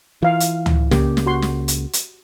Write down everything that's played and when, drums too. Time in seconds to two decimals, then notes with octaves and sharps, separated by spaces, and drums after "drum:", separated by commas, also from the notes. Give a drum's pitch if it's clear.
0.22 E3 F4 F5
0.40 drum: hi-hat
0.66 drum: tom C#2
0.91 C#2 C#3 A#3 G4, drum: snare
1.17 drum: snare
1.26 F#4 C6
1.42 drum: snare
1.68 drum: hi-hat
1.93 drum: hi-hat